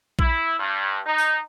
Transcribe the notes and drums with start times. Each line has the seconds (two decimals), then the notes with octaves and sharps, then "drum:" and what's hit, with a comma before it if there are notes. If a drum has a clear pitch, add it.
0.19 E4, drum: kick A#1
0.59 G2
1.05 D#4
1.18 drum: tambourine